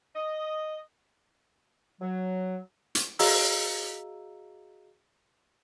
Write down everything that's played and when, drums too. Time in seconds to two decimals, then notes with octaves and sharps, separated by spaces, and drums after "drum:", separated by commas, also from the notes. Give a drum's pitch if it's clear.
0.14 D#5
2.01 F#3
2.95 drum: hi-hat
3.19 F#4 G#4 D#5 F5 A#5 E6, drum: open hi-hat